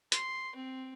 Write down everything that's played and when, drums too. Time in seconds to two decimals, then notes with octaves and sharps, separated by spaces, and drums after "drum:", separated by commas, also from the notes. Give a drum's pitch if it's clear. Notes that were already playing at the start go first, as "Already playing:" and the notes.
0.12 C6, drum: hi-hat
0.55 C4